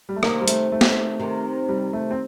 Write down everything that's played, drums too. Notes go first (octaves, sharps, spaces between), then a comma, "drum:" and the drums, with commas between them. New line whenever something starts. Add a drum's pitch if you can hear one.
G3
A3
C3 D#3 A#3, drum: rim click
G3
A3, drum: hi-hat
A3
drum: snare
C3 D#3
G3
A3
C4